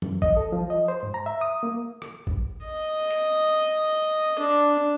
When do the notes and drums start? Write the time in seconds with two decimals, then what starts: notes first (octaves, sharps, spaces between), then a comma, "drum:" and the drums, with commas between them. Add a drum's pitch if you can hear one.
0.02 F#2, drum: tom E3
0.22 D#5, drum: kick A1
0.37 A4
0.52 F3
0.70 D#5
0.88 C5
1.03 G#2
1.14 A#5
1.26 E5
1.41 D#6
1.63 A#3
2.02 drum: rim click
2.27 drum: kick A1
2.65 D#5
3.11 drum: hi-hat
4.39 D4